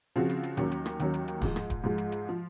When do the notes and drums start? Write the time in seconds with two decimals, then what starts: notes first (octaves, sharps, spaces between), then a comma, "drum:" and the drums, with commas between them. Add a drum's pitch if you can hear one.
0.16 C#3 F3 C4 F#4
0.29 drum: hi-hat
0.43 drum: hi-hat
0.57 D#2 D#3 F#3 C#4, drum: hi-hat
0.72 drum: hi-hat
0.86 drum: rim click
1.00 D#2 D#3 F#3 C#4, drum: hi-hat
1.14 drum: hi-hat
1.28 drum: hi-hat
1.41 G#2 F3 G#3, drum: kick, open hi-hat
1.56 drum: rim click
1.70 drum: kick, hi-hat
1.84 G#2 F3 G#3
1.98 drum: hi-hat
2.12 drum: hi-hat
2.29 F3